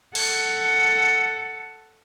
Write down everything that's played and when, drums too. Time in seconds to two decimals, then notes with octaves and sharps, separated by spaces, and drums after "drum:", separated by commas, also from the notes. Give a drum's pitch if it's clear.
0.15 A4 F#5, drum: cymbal